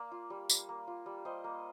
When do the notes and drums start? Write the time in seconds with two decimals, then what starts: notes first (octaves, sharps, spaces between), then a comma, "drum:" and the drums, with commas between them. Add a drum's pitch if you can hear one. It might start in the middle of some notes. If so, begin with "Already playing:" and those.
Already playing: A#3 D5 F5
0.12 F4
0.30 G3
0.50 G3, drum: tambourine
0.69 A#3
0.87 F4
1.06 G3
1.25 G3 C5 D#5
1.44 A#3